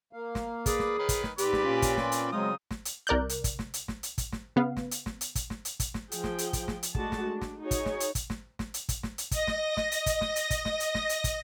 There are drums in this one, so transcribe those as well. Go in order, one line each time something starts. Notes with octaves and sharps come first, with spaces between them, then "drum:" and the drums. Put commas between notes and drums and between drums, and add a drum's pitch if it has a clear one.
A#3 F5
drum: snare
G#4 B4 D5, drum: kick, hi-hat
drum: snare
D#3 B4 C#5
drum: kick, hi-hat
drum: snare
G#2 G3 C4 G4 B4 D5, drum: hi-hat
drum: snare
A#2 C#4 F4
drum: kick, hi-hat
drum: snare
drum: hi-hat
C#3 F#3 G#3 C4 D#4 F4 D#6
drum: snare
drum: hi-hat
C2 A#4 D5 F#6 G6
drum: hi-hat
drum: kick, hi-hat
drum: snare
drum: hi-hat
drum: snare
drum: hi-hat
drum: kick, hi-hat
drum: snare
C#3 B3 F5
drum: snare
drum: hi-hat
drum: snare
drum: hi-hat
drum: kick, hi-hat
drum: snare
drum: hi-hat
drum: kick, hi-hat
drum: snare
F3 G#4 G5, drum: hi-hat
drum: snare
drum: hi-hat
drum: kick, hi-hat
drum: snare
drum: hi-hat
G#3 A3 D4 F#4 A5, drum: kick
drum: snare
D4
drum: snare
D#4 F#4 G#4 C#5
drum: kick, hi-hat
drum: snare
drum: hi-hat
drum: kick, hi-hat
drum: snare
drum: snare
drum: hi-hat
drum: kick, hi-hat
drum: snare
drum: hi-hat
D#5 A#6, drum: kick, hi-hat
drum: snare
drum: snare
drum: hi-hat
drum: kick, hi-hat
drum: snare
drum: hi-hat
drum: kick, hi-hat
drum: snare
drum: hi-hat
drum: snare
drum: hi-hat
drum: kick, hi-hat